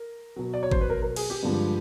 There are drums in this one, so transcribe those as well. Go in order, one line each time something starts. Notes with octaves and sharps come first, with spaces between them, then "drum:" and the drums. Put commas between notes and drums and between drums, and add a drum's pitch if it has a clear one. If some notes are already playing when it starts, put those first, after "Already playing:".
Already playing: A#4
B2 F#3
D5
C#5
C5, drum: kick G#1
B4
A#4
A#4
G#4, drum: cymbal
G4
G2 D3 F3 G#3